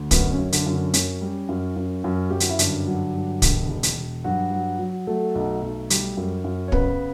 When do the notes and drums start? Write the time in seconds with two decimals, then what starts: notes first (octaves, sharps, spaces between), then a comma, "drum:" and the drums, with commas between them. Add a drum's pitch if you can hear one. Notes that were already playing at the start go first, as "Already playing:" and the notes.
Already playing: D2
0.11 F#2 B3, drum: kick, hi-hat
0.32 C#4
0.38 F#2
0.52 D3 D4, drum: hi-hat
0.66 F#2
0.73 D3 D4
0.94 F#2 C#4, drum: hi-hat
1.21 G3
1.49 F#2
1.76 F#2
2.04 F#2
2.30 F#2 G4
2.40 F#4, drum: hi-hat
2.49 E4
2.59 G2 D3 D4, drum: hi-hat
2.87 F#3
3.14 G2
3.42 E1, drum: kick, hi-hat
3.69 E1
3.83 drum: hi-hat
3.97 E1
4.24 G2 F#3 F#4
4.52 F#3
4.79 F#3
5.07 F#3 A3 A4
5.35 B1
5.63 B1
5.90 G3, drum: hi-hat
6.17 F#2
6.44 F#2
6.68 C#5
6.72 C#3 B3 B4, drum: kick